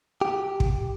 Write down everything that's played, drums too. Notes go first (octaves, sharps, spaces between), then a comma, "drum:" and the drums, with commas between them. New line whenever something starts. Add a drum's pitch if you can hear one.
G4
drum: kick